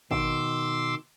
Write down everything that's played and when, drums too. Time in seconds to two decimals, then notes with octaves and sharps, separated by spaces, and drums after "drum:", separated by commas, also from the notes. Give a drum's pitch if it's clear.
0.11 B2 D#3 C6 D6 E6, drum: kick